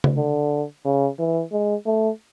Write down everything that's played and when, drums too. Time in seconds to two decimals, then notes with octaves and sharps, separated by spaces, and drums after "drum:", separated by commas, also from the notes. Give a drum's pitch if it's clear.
0.04 drum: tom C#3
0.17 D3
0.85 C#3
1.19 E3
1.52 G#3
1.86 A3